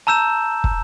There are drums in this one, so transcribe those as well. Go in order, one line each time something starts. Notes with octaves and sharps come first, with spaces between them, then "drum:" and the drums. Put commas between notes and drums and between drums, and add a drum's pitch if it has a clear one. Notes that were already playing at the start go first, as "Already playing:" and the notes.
A5 A#5 E6 G6 E7
drum: kick